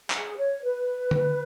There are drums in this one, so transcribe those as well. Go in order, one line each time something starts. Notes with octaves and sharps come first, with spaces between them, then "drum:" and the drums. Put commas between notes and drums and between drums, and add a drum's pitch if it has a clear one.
G#4, drum: clap
C#5
B4
drum: tom D3